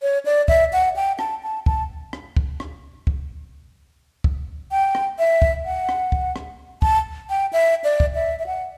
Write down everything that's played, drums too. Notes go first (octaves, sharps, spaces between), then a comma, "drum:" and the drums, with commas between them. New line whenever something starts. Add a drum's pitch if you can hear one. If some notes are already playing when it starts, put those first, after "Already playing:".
C#5
D5
E5, drum: kick
F#5
G5
A5, drum: rim click
A5
A5, drum: kick
drum: rim click
drum: kick
drum: rim click
drum: kick
drum: kick
G5
drum: rim click
E5
drum: kick
F#5
drum: rim click
drum: kick
drum: rim click
A5, drum: kick
G5
E5
D5
drum: kick
E5
E5
F#5